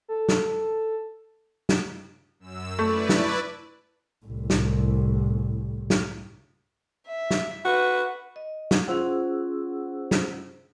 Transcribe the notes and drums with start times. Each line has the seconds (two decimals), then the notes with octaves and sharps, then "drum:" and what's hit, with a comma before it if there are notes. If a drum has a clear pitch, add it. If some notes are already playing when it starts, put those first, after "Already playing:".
0.08 A4
0.29 drum: snare
1.69 drum: snare
2.40 F#2 E6
2.79 A3 E4 B4 D5
3.09 drum: snare
4.26 C2 A2
4.50 drum: snare
5.90 drum: snare
7.07 E5
7.31 drum: snare
7.65 F#4 B4
8.36 D#5
8.71 drum: snare
8.88 C#4 F4 G#4 C5 F#5 E6
10.11 drum: snare